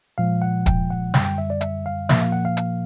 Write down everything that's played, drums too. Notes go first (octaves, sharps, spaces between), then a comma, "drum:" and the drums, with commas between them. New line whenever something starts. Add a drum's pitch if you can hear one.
A#2 F3 G#3 F5
F#5
G5, drum: kick, hi-hat
F#5
F#2 D3 G3 G5, drum: snare
G5
E5
D5
E5, drum: hi-hat
F5
A#2 F3 A#3 E5, drum: snare
F5
F#5
F5
drum: hi-hat